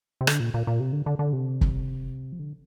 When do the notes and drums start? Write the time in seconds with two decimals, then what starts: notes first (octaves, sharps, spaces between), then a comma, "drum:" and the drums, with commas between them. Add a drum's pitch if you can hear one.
0.21 C3
0.27 D3, drum: rim click
0.40 A#2
0.54 A#2
0.67 A#2
0.80 C3
0.93 D3
1.06 D3
1.19 D3
1.33 C3
1.61 drum: kick
2.32 F3
2.39 D3